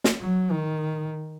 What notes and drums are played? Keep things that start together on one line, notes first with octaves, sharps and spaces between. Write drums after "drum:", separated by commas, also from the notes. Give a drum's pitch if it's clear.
drum: snare
F#3
D#3